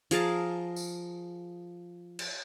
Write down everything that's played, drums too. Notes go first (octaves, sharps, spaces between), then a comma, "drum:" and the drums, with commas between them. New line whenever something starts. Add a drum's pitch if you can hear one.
F3 G#4 A#4 A5, drum: hi-hat
drum: tambourine
drum: cymbal